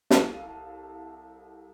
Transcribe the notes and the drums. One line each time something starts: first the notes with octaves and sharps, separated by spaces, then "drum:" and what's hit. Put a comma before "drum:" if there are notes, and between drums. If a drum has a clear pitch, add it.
C2 E4 A4 F5 A5 D#7, drum: snare